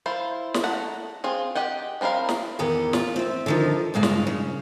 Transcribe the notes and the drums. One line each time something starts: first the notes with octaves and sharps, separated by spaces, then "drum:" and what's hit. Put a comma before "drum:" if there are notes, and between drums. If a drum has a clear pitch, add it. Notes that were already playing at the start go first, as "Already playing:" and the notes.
E4 F4 C5
drum: snare
A3 F#5 A#5
C4 F4 G#4
G4 D#5 F#5 G5
F3 C4 E4 A#4 F5
drum: snare
E2 D#3 G4 F#5
F4, drum: snare
C4 E5
D3 D#3 F3
G2 C#3 G#3 F5
drum: snare
C#3